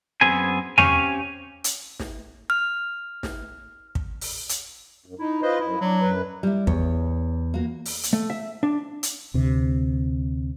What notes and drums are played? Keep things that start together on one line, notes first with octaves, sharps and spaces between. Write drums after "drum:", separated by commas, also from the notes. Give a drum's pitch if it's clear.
F#2 B3 C4 G#4 G#5
C4 C#4 G4 C#5 F5 G#5, drum: tom E2
drum: hi-hat
drum: snare
F6
drum: snare
drum: kick
drum: open hi-hat
drum: hi-hat
F#2
D#4 E4
F4 B4 C5 D#5
F#2 E4
F#3 D4
F#2 B4
G3 E4
E2 C#5, drum: kick
A#3 F#4
drum: open hi-hat
drum: hi-hat
A3
E5
D4
drum: hi-hat
D2 C3